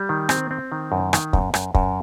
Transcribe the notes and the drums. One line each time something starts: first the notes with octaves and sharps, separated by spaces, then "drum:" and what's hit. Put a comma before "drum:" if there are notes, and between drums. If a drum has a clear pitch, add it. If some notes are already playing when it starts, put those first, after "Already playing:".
Already playing: G3
D#3
C4, drum: rim click
C4
D#3
F#2
D#3, drum: rim click
F#2, drum: kick
F#2, drum: rim click
F#2, drum: kick